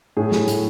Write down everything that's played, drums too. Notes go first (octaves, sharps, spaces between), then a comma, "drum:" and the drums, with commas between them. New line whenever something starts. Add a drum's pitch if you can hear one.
A2 G#4
A2, drum: snare
A2, drum: hi-hat